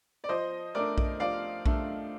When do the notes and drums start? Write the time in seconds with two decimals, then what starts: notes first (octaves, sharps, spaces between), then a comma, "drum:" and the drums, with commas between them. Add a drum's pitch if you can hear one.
0.24 D5
0.29 F3 C5 D#5
0.75 A3 D4 A#4 D5
0.98 drum: kick A#1
1.20 F3 D5 F5
1.66 A3 D4, drum: kick A#1